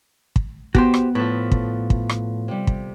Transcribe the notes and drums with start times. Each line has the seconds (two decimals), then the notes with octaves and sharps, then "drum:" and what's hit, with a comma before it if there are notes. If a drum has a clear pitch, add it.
0.36 drum: kick
0.75 B3 F#4 G4 C5, drum: kick
0.94 drum: rim click
1.15 A2 F3 A4 B4
1.52 drum: kick
1.90 drum: kick
2.09 drum: rim click
2.48 C3 G3
2.67 drum: kick